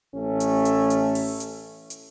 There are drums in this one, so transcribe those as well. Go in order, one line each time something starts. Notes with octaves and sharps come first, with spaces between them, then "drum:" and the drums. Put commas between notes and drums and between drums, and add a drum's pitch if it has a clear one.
A1 A3 C#4
drum: hi-hat
drum: hi-hat
drum: hi-hat
drum: open hi-hat
drum: hi-hat
drum: hi-hat